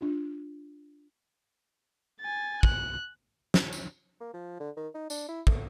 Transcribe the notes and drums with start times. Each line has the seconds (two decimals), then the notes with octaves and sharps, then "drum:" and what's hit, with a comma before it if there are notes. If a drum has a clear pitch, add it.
0.01 D4 F4
2.21 G#5 A6
2.63 F#6, drum: kick
3.54 drum: snare
3.73 drum: tambourine
4.20 A#3
4.34 F3
4.60 D3
4.77 D#3
4.94 D#4
5.10 D4, drum: tambourine
5.28 E4
5.47 A3, drum: kick